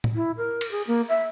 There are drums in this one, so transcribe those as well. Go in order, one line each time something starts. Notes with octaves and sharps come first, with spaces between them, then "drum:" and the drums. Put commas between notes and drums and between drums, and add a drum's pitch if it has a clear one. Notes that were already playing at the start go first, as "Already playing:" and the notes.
drum: tom A2
E4
A#4
drum: cymbal
G#4
A#3
E5